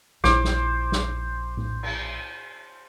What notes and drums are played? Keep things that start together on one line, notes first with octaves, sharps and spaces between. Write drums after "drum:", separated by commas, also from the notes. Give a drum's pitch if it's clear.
A#1 E4 C5 D6, drum: snare
drum: snare
drum: snare
drum: tom A2
drum: cymbal